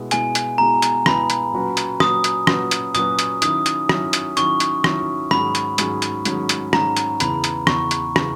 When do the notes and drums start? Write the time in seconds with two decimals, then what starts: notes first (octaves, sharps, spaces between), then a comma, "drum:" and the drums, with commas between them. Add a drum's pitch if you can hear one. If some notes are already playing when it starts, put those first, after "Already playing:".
Already playing: B2 G#3 B3 E4 G#4
0.11 B2 G#3 B3 E4 G#4 G#5, drum: hi-hat
0.35 drum: hi-hat
0.58 B2 G#3 B3 E4 G#4 A#5
0.82 drum: hi-hat
1.06 B2 G#3 B3 E4 G#4 B5, drum: rim click
1.30 drum: hi-hat
1.53 A#2 F#3 C#4 F#4 B4
1.77 drum: hi-hat
2.00 A#2 F#3 C#4 F#4 B4 D#6, drum: rim click
2.24 drum: hi-hat
2.47 A#2 F#3 C#4 F#4 B4, drum: rim click
2.71 drum: hi-hat
2.95 A#2 F#3 C#4 F#4 B4 D#6, drum: hi-hat
3.19 drum: hi-hat
3.42 D#3 F#3 C#4 E4 D#6, drum: hi-hat
3.66 drum: hi-hat
3.89 D#3 F#3 C#4 E4, drum: rim click
4.13 drum: hi-hat
4.37 D#3 F#3 C#4 E4 C#6, drum: hi-hat
4.60 drum: hi-hat
4.84 D#3 F#3 C#4 E4, drum: rim click
5.31 G#2 D#3 F#3 C#4 G#4 B5, drum: rim click
5.55 drum: hi-hat
5.78 G#2 D#3 F#3 C#4 G#4, drum: hi-hat
6.02 drum: hi-hat
6.25 G#2 D#3 F#3 C#4 G#4, drum: hi-hat
6.49 drum: hi-hat
6.73 G#2 D#3 F#3 C#4 G#4 A#5, drum: rim click
6.97 drum: hi-hat
7.20 E2 C#3 E3 B5, drum: hi-hat
7.44 drum: hi-hat
7.67 E2 C#3 E3 C#6, drum: rim click
7.91 drum: hi-hat
8.16 C#3 E3, drum: rim click